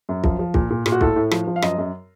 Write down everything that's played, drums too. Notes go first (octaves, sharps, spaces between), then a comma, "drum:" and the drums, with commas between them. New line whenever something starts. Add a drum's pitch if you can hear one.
F#2
F3, drum: kick
F3
A#2, drum: kick
A#2
A#2, drum: rim click
F#4
A2 A4, drum: kick
A2
F3, drum: rim click
F3
F5
F#2 D#5, drum: rim click
F#2